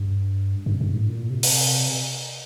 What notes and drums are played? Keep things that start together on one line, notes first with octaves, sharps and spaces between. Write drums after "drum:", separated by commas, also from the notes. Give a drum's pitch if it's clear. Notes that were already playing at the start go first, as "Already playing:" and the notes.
Already playing: G2
G2
G2
A2
A#2
C3
drum: open hi-hat